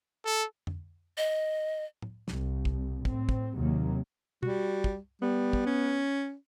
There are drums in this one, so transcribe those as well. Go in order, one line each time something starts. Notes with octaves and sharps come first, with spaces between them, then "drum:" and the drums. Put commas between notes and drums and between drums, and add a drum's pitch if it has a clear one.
A4
drum: tom F2
D#5
drum: tom
C2, drum: snare
drum: kick
A2 C4, drum: kick
drum: kick
D#2 C3 D#3 F#3 A#3
G3 F#4, drum: tom B2
drum: kick
G3 B3
drum: kick
C#4